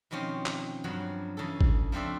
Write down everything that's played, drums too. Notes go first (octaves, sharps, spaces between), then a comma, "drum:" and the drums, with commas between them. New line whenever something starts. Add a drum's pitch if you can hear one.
B2 D#3 F3 C4 C#4
drum: clap
G2 C#3 F3 F#3
C#3 E3 A4
drum: kick G#1
F3 A3 C4 D4 E5